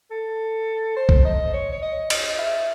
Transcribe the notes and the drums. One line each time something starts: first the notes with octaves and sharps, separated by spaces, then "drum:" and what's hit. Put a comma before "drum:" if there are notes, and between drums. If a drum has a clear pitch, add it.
A4
C5
drum: kick B1
D#5
C#5
C#5
D#5
D#5, drum: cymbal
E5